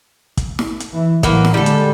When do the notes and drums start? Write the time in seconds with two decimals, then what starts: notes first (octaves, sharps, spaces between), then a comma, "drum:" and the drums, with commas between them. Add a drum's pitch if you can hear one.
0.37 drum: kick, hi-hat
0.59 drum: snare
0.80 drum: hi-hat
0.93 E3 E4
1.23 A2 E3 F#3 A#3 B4, drum: kick, hi-hat
1.45 drum: snare
1.54 D3 G3 G#3 A4
1.66 drum: hi-hat